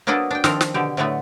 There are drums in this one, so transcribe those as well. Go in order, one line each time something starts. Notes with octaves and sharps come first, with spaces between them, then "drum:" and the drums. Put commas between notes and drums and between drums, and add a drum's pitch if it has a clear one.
F#3 A#3 B3 D4 A4 D#5
D4 G5
D#3 F3 C4 D4 A4 A#4, drum: snare
drum: snare
B2 D3 G4
A2 D3 F#3 A3 B3